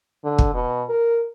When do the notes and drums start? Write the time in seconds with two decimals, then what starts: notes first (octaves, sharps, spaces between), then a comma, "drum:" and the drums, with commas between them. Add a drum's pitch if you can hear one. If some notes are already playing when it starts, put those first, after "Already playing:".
0.24 D3
0.38 drum: kick
0.54 B2
0.89 A#4